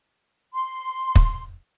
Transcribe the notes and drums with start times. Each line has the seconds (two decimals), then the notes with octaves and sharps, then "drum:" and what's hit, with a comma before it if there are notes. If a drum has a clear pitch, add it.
0.54 C6
1.16 drum: kick